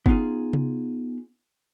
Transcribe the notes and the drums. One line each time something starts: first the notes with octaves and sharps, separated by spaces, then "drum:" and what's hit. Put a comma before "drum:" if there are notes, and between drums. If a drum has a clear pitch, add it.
B3 C#4 D#4 F4 G#4, drum: kick G1
drum: tom C3